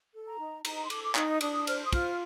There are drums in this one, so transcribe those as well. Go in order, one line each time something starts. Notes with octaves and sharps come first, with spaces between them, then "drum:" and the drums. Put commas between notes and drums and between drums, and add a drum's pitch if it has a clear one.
A4
A#5
D#4
D#4 A#5, drum: cymbal
C6
A4 D6, drum: cymbal
D6
D#4 D#6, drum: clap
D4 D#6, drum: cymbal
C5 F6, drum: cymbal
D#6
F4 F6, drum: kick, cymbal